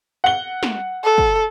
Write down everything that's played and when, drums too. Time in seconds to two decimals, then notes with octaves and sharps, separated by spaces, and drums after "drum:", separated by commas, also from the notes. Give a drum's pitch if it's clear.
0.24 F#5 G7
0.63 drum: snare
1.04 A4
1.18 drum: kick